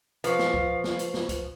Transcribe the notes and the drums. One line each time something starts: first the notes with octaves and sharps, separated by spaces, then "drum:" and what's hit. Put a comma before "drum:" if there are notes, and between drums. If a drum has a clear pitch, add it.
F3 B4 F5 C#6, drum: hi-hat
drum: snare
drum: kick C#2
drum: snare
drum: hi-hat
drum: snare
drum: kick C#2, hi-hat